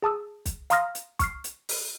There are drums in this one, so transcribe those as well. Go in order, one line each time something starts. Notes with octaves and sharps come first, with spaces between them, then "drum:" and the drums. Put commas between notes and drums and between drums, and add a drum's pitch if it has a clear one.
G#4 A5 D#6 E6
drum: kick, hi-hat
F5 A#5 C6 D#6 F6 A#6, drum: hi-hat
drum: hi-hat
C#6 F6 C7, drum: kick, hi-hat
drum: hi-hat
drum: open hi-hat